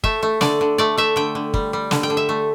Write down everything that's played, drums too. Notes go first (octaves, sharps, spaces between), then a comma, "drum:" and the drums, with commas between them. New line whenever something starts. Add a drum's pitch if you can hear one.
A3 E5, drum: kick
A3
D3 D5, drum: snare
D3
A3 D5
A3 E5
D3 G5
D3
G3, drum: kick
G3
D3, drum: snare
G5
D3
E5
A3